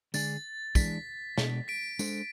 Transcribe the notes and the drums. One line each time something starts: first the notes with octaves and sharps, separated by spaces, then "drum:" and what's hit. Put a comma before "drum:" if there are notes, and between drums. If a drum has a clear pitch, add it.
D3 G#3 D4 G#4 A6, drum: tambourine
E3 G#3 D4 B6, drum: kick, tambourine
B2 G#3 D4 A4 D5, drum: snare
B6 D7
G#3 D4 A4 C5, drum: tambourine